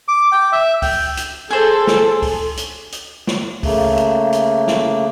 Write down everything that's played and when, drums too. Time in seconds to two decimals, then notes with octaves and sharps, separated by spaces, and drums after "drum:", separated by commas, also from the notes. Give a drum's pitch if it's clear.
0.08 D6
0.32 G5
0.52 E5
0.82 G5, drum: kick C#2, open hi-hat
1.17 drum: hi-hat
1.51 G#4 A4 C5
1.87 drum: snare
2.22 drum: kick C#2, open hi-hat
2.57 drum: hi-hat
2.92 drum: hi-hat
3.27 drum: snare
3.63 C#3 A3 A#3, drum: kick C#2, open hi-hat
3.97 drum: hi-hat
4.33 drum: hi-hat
4.68 drum: snare